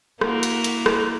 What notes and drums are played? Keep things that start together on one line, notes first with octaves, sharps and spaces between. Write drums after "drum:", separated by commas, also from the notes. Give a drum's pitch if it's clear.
A#3 E4 F#4, drum: rim click
drum: hi-hat
drum: hi-hat
drum: rim click